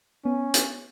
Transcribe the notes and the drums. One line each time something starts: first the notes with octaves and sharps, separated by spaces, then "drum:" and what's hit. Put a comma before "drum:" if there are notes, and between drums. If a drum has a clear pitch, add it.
B3 C#4
B3, drum: hi-hat